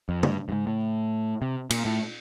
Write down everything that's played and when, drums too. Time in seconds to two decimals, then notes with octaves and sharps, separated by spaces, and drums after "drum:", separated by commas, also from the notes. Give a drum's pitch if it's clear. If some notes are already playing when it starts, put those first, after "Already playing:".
0.09 F2
0.23 G2, drum: tom
0.49 G2
0.52 G#2
0.67 A2
1.42 C3
1.70 A#2, drum: cymbal
1.85 A2